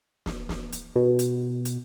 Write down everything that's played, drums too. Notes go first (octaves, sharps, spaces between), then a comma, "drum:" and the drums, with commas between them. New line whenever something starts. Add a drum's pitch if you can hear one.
drum: snare
drum: snare
drum: hi-hat
B2
drum: hi-hat
drum: hi-hat